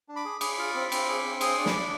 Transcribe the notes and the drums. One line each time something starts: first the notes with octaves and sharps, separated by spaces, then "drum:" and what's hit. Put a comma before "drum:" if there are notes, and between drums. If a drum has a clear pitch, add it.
D4
B5 D6
G#4
G#4 B5 D6, drum: cymbal
F4
C4
C4, drum: cymbal
G#4
C4
G#4 C6 D#6, drum: cymbal
D4
B5 D6, drum: snare
D4